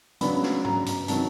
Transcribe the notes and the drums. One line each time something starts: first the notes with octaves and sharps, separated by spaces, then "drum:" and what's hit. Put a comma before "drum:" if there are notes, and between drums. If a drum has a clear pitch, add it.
C#3 F#3 B3 D4 B5, drum: hi-hat
drum: snare
A#5, drum: tom G2
drum: hi-hat
C3 D#3 F#3 A5, drum: hi-hat